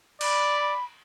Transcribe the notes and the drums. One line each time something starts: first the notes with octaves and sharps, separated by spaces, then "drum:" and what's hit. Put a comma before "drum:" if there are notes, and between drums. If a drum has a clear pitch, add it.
D5 B5, drum: cymbal